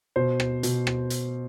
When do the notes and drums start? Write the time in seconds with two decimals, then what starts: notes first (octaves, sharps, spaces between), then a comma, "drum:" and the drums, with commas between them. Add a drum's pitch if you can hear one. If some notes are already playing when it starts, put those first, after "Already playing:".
0.16 B2 C5
0.40 drum: rim click
0.63 B2, drum: hi-hat
0.87 drum: rim click
1.10 drum: hi-hat